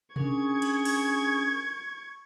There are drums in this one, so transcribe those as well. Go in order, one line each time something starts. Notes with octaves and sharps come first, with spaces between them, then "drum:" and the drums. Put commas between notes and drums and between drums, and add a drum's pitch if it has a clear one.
C#4 D4 G#4 A#4 C#6 G#6, drum: tom B2
drum: cymbal
drum: cymbal